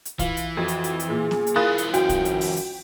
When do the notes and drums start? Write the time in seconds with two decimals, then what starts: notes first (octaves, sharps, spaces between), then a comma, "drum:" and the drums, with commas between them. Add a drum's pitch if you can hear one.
0.05 drum: hi-hat
0.19 E3 F4, drum: kick A#1, hi-hat
0.37 drum: hi-hat
0.57 F2 F#4
0.68 drum: hi-hat
0.84 drum: hi-hat
1.00 drum: hi-hat
1.10 A#2 G#4
1.31 drum: snare B3
1.47 drum: hi-hat
1.56 E3 F4 A#4 F5 B5 D#6 F#6 A6
1.78 drum: hi-hat
1.94 F#2 F#4 G5, drum: hi-hat
2.09 drum: kick A#1, hi-hat
2.25 drum: hi-hat
2.41 drum: open hi-hat
2.56 drum: hi-hat